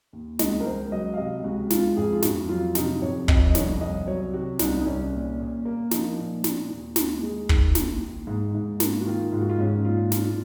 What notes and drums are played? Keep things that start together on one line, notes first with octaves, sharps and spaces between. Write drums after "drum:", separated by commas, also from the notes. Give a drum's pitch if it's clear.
D#2
C#2 D#5, drum: snare
A#4
C#2 C5
F#3 D#5
F5
C3 D#5
C#2 F#4
C#2 F4, drum: snare
F2 G#4
F4
F2 F#4, drum: snare
F#3 F4
C3 D#4, drum: snare
F2 C#5
F2 D#5, drum: kick
D#5
C2 C#5, drum: snare
C2 D#5
F#3 C#5
C3 F#4
C2 D#4, drum: snare
D#4
C2 C#4
A#2
A#2
A#3
F3 D#4, drum: snare
A#2
A#2, drum: snare
D#2
D#2, drum: snare
G#3
D#3, drum: kick
D#2, drum: snare
D#2
G#2
G#2
A#3, drum: snare
F#4
D#3 F4
G#2 F4
F#4
F4
G#2 C#4
A#2 F4
A#2, drum: snare